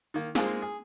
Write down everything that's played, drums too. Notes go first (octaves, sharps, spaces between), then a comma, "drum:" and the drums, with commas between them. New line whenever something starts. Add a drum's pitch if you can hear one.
D#3 A#3
G#3 A#3 C4 D#4 F4 G#4, drum: snare
G#4